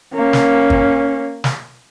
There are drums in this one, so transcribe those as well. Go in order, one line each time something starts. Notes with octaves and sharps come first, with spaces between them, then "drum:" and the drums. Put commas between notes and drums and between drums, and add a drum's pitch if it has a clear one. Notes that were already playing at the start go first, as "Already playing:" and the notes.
A#3 C#4
drum: snare
drum: kick
drum: snare